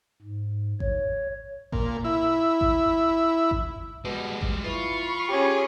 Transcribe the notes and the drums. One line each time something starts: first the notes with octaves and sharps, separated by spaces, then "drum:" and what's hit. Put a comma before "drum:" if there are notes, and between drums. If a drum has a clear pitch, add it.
G#2
C#5, drum: kick G#1
A#2, drum: kick G#1
E4
drum: kick G#1
drum: kick G#1
B2 G3 G#3
drum: kick G#1
E3 F4 B5 C#6
C#4 G4 G#4